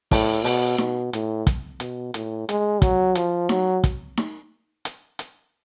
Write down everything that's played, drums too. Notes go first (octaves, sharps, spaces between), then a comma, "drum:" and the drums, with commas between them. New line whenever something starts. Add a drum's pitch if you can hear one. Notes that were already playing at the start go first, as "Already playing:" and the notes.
A2, drum: kick, open hi-hat
B2, drum: open hi-hat
B2, drum: snare D#4
A2, drum: hi-hat
drum: kick, hi-hat
B2, drum: hi-hat
A2, drum: hi-hat
G#3, drum: hi-hat
F#3, drum: kick, hi-hat
F3, drum: hi-hat
F#3, drum: snare D#4
drum: kick, hi-hat
drum: snare D#4
drum: hi-hat
drum: hi-hat